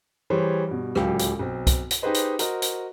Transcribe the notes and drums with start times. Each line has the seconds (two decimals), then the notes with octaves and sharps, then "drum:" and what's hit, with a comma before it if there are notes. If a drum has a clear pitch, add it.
0.30 E3 G3 G#4 C5 C#5
0.68 G2 B2
0.95 D1 C#2 F#3 G4 F5, drum: rim click
1.19 drum: hi-hat
1.39 B1 C4
1.67 drum: kick C2, hi-hat
1.91 drum: hi-hat
2.02 D#4 G4 G#4 B4 C5 D#5
2.14 drum: hi-hat
2.39 F#4 A#4 C5 D#5, drum: hi-hat
2.62 drum: hi-hat